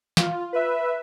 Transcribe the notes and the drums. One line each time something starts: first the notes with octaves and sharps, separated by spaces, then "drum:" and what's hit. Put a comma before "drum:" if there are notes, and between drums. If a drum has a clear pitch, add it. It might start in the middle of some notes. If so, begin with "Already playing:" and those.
F4, drum: snare
B4 E5